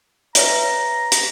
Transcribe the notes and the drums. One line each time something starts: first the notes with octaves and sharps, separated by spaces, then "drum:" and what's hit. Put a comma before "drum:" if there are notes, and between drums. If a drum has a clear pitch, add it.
B4 C#5 E5 A#5, drum: hi-hat
drum: hi-hat